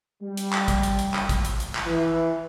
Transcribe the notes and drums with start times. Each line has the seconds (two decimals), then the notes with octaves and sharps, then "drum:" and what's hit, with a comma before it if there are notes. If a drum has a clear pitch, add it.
0.22 G3
0.37 drum: hi-hat
0.53 drum: clap
0.68 drum: kick A1, hi-hat
0.83 drum: hi-hat
0.99 drum: hi-hat
1.14 drum: clap
1.29 drum: kick A1, hi-hat
1.45 drum: hi-hat
1.60 drum: hi-hat
1.75 drum: clap
1.85 E3